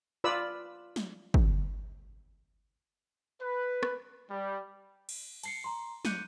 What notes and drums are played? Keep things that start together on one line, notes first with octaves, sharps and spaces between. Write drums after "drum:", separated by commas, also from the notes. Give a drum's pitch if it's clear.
F4 B4 D5 B5 E6
drum: snare
drum: kick
B4
drum: rim click
G3
drum: cymbal
A5 C7 C#7, drum: cymbal
A#5 C6
D6 F#6 G6 C#7 D#7, drum: snare